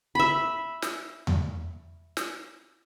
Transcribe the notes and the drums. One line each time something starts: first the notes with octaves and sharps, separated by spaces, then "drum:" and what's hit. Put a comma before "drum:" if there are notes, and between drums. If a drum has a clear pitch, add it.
E5 B5
drum: snare
drum: tom E2
drum: snare